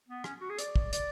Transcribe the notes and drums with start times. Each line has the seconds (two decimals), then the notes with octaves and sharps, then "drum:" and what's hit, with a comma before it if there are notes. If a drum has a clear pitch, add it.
0.08 B3
0.24 C#4, drum: rim click
0.41 F#4
0.50 G#4
0.59 D5, drum: hi-hat
0.76 drum: kick
0.93 D5, drum: hi-hat